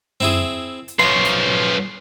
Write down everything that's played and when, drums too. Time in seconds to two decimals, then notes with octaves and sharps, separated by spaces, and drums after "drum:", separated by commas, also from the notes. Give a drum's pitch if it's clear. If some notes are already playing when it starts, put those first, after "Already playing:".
0.20 C4 E4 G#4, drum: tom
0.88 drum: hi-hat
0.99 F#2 F3 B4 C#5 F5 C6
1.25 drum: hi-hat